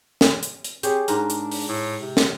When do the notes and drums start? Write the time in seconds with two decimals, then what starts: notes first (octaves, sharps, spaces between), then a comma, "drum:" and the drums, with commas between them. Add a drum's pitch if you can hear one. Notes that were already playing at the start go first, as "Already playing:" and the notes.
0.21 drum: snare
0.43 drum: hi-hat
0.64 drum: hi-hat
0.83 C4 G4 G#4 C#5, drum: hi-hat
1.08 G#2 D4 A#4, drum: hi-hat
1.30 drum: hi-hat
1.51 drum: open hi-hat
1.68 A2
2.02 C3
2.17 drum: snare